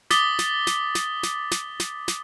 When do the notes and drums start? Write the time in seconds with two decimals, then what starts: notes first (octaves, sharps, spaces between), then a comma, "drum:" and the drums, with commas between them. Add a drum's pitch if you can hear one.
0.10 D6 D#6 A6 B6 G7, drum: snare
0.39 drum: snare
0.67 drum: snare
0.95 drum: snare
1.23 drum: snare
1.51 drum: snare
1.80 drum: snare
2.08 drum: snare